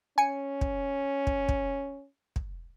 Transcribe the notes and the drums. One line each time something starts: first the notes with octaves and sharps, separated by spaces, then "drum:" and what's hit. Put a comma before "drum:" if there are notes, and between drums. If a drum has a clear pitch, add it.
C#4 G#5 C#7
drum: kick
drum: kick
drum: kick
drum: kick